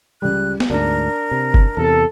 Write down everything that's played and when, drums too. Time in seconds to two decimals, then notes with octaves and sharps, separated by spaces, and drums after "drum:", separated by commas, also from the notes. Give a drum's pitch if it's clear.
0.22 C#2 G3 F#6
0.60 drum: snare
0.70 D2 G#2 D4 A#4
1.31 C3
1.54 drum: kick F#1
1.77 E2 C3 A4